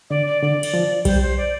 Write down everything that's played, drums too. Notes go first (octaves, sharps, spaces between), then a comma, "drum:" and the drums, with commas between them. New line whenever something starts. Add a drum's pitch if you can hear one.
D3 D5
D5
D3 D5
drum: cymbal
F3
G3 C5, drum: kick B1, cymbal
C5
D5